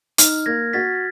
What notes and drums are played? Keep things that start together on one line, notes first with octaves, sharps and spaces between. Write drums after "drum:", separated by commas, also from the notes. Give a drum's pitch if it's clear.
D#4 F6, drum: hi-hat
A#3 G#6 A#6
F#4 A6 B6